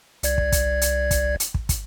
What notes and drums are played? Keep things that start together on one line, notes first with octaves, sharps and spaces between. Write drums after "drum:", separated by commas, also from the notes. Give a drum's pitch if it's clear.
C2 D5 G#6, drum: hi-hat
drum: kick
drum: kick, hi-hat
drum: hi-hat
drum: kick, hi-hat
drum: hi-hat
drum: kick
drum: kick, hi-hat